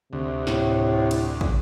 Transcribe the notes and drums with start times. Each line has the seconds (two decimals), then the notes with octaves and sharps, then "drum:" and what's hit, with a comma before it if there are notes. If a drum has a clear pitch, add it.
0.13 D2 C3
0.47 A2, drum: snare
1.11 drum: cymbal
1.41 drum: kick